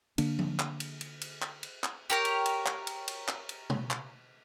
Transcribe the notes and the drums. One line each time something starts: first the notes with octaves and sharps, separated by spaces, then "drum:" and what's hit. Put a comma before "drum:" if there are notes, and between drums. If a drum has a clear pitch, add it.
D3 A#3 D4, drum: cymbal
drum: tom F3
drum: clap
drum: cymbal
drum: cymbal
drum: cymbal
drum: clap
drum: cymbal
drum: clap
G4 A#4 C#5
drum: cymbal
drum: cymbal
drum: clap
drum: cymbal
drum: cymbal
drum: clap
drum: cymbal
drum: tom B2
drum: clap